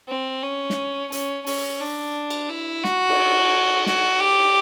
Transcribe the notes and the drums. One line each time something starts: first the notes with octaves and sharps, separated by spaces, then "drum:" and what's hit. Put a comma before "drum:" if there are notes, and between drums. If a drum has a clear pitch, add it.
C4
C#4
drum: snare
C#4, drum: hi-hat
C#4, drum: open hi-hat
D4
drum: cymbal
E4
F#4, drum: snare
drum: cymbal
F#4, drum: snare
G4